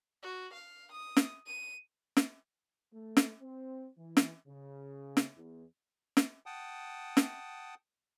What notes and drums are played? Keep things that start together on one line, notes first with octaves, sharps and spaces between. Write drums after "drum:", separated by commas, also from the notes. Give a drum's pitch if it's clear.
F#4
F5
D#6
drum: snare
D#7
drum: snare
A3
drum: snare
C4
E3
drum: snare
C#3
drum: snare
E2
drum: snare
F#5 G5 A5 D#6
drum: snare